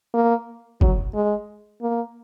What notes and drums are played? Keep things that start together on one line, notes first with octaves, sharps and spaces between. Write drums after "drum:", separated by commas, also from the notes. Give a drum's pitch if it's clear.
A#3
F#3, drum: kick
G#3
A#3